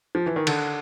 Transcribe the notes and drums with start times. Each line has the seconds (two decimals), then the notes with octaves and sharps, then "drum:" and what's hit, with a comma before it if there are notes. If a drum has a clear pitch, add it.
0.15 F3
0.26 E3
0.36 D#3
0.47 D3, drum: cymbal